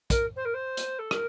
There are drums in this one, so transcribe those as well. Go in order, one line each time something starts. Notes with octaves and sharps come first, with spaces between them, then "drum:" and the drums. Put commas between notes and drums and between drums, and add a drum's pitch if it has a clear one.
A#4, drum: kick, hi-hat
C5
A#4
C5
drum: hi-hat
A4
A#4, drum: rim click